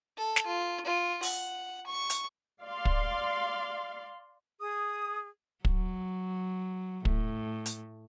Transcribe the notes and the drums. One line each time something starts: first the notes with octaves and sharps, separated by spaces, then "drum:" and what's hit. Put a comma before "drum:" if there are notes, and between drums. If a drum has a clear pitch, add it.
A4
drum: snare
F4
F4
F#5, drum: open hi-hat
C#6
drum: hi-hat
D5 F5 C6
drum: kick
G#4 D#6
F#3, drum: kick
A2, drum: kick
drum: hi-hat